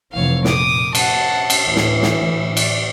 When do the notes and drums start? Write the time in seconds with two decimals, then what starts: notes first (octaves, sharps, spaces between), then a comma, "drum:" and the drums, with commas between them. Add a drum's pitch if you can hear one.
0.12 F1 E3 C#5 F5
0.45 A#2 D6 D#6, drum: snare
0.95 F#5 A5, drum: cymbal
1.50 drum: cymbal
1.64 D2 A2 E3 E5
1.76 drum: snare
2.02 drum: snare
2.57 D5, drum: cymbal